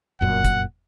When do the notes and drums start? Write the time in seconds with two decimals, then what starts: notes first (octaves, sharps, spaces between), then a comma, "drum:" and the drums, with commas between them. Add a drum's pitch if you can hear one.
0.21 F1 F#2 A#2 F#5
0.45 drum: kick, hi-hat